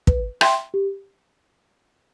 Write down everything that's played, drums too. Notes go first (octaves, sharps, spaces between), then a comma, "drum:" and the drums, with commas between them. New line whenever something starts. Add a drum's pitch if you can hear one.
B4, drum: kick
E5 G5 C6, drum: rim click
G4